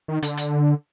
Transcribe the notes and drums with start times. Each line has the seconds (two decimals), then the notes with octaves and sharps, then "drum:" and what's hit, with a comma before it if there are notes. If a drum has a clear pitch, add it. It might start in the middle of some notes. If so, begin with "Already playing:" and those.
0.08 D#3
0.22 D3, drum: hi-hat
0.37 drum: hi-hat